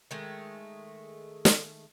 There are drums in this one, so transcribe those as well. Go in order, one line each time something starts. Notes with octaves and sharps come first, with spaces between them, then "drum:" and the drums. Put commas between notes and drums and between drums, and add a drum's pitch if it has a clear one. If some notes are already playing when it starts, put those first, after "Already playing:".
D#3 G#3 A3
drum: snare